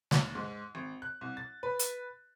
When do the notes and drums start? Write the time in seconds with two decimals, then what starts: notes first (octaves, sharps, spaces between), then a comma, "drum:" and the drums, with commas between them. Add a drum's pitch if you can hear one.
0.11 D#2, drum: snare
0.35 G#2
0.75 G#1
1.02 F#6
1.21 C2
1.37 A6
1.63 B4
1.79 drum: hi-hat